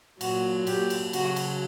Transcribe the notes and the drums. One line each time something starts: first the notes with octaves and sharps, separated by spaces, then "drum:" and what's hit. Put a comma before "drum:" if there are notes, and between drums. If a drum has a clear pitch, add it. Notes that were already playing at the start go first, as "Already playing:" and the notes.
A#2 F#3 F#4, drum: cymbal
G4, drum: cymbal
drum: cymbal
C#3 F#3 F#4, drum: cymbal
drum: cymbal